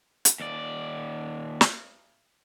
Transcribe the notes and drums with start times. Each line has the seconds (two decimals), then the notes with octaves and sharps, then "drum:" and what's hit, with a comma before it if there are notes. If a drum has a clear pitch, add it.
0.25 drum: hi-hat
0.40 D#2 D5
1.61 drum: snare